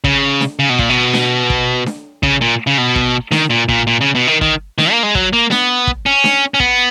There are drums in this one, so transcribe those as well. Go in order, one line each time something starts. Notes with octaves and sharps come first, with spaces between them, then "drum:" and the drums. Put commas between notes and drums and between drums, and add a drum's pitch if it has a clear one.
C#3, drum: kick
drum: snare D4
C#3
B2
A#2, drum: kick
B2
drum: snare D4
drum: kick
drum: snare D4
C#3, drum: kick
A#2
C#3
B2
drum: kick
D#3, drum: snare D4
A#2
A#2, drum: kick
A#2
C#3
B2
D#3
D#3, drum: kick
D#3, drum: snare D4
A#3
G#3
F#3, drum: kick
A#3
B3, drum: snare D4
drum: kick
C#4
drum: snare D4
C#4
B3, drum: kick